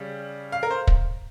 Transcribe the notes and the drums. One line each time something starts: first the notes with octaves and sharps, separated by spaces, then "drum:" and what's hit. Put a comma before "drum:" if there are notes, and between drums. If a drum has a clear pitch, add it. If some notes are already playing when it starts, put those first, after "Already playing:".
Already playing: C#3 G3
F5
A#4
C5
drum: kick